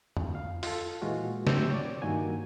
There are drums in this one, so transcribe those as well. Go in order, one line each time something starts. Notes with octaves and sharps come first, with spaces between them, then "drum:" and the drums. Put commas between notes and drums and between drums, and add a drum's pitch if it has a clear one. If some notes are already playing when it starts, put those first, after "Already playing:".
drum: tom F2
F5
F4 A4, drum: open hi-hat
A#2 E3 G#3 F4 F#4
F#3 C4 D4 G4 E6 G6, drum: snare
C#5 D5
G2 D#3 A#3 F#4 G#5